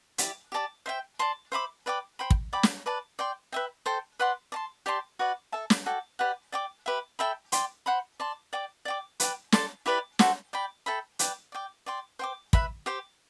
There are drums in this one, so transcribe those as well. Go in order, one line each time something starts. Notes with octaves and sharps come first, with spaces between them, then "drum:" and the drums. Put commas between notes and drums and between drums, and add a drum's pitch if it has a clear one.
E4 G4 D5, drum: hi-hat
G4 D5 A5 D6
C5 E5 G5
D5 A5 C6
C5 E5 B5 D6
B4 D5 G5 D6
C5 G5 B5
drum: kick
D5 G5 B5 D6
drum: snare
B4 D5 A5
D5 G5 C6
B4 E5 G5
A4 C5 G5
B4 D5 F#5 C6
D5 A5 C6
G4 D5 A5 C6
F#4 B4 D5
A4 E5 A5
drum: snare
F#4 A4 D5 G5
G4 B4 D5 F#5
D5 G5 D6
G4 B4 E5
A4 E5 G5 B5
D5 G5 C6, drum: hi-hat
C5 F#5 B5
D5 A5 C6
D5 G5 D6
D5 G5 D6
B4 D5 G5, drum: hi-hat
A4 D5 A5 C6, drum: snare
E4 G4 B4 D5
F#4 A4 C5, drum: snare
D5 G5 B5
A4 E5 G5 B5
B4 D5 G5, drum: hi-hat
D5 G5 D6
D5 G5 C6
C5 G5 D6
B4 E5 B5, drum: kick
G4 C5 G5